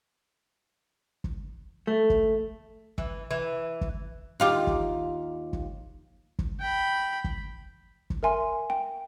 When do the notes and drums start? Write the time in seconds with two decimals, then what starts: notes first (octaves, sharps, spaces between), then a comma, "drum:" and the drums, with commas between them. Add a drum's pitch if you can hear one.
1.24 drum: kick
1.87 A3
2.10 drum: kick
2.98 E3, drum: kick
3.31 E3
3.81 drum: kick
4.40 D#2 F4 G4
4.67 drum: kick
5.53 drum: kick
6.39 drum: kick
6.60 G5 B5
7.24 drum: kick
8.10 drum: kick
8.23 A#4 E5 G#5 C6
8.70 G5